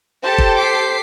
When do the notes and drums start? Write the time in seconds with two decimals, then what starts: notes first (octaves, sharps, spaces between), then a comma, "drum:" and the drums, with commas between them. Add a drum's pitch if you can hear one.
0.24 G4 A4 C5 A5
0.38 drum: kick
0.56 D6 B6 C7